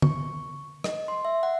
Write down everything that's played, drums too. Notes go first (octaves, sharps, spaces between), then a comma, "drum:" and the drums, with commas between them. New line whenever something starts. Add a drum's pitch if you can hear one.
C#6, drum: tom D3
D#5, drum: rim click
C6
E5
F#5